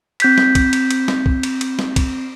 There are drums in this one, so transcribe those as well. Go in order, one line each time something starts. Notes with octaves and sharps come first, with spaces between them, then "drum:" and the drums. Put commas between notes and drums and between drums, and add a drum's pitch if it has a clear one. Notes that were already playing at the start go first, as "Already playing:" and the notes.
C4 G6 B6, drum: cymbal
drum: snare
drum: kick, cymbal
drum: cymbal
drum: cymbal
drum: snare
drum: kick
drum: cymbal
drum: cymbal
drum: snare
drum: kick, cymbal